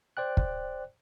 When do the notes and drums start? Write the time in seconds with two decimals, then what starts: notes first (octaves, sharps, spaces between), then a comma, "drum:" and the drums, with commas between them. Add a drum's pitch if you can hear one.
0.17 C5 D5 G5 F#6
0.37 drum: kick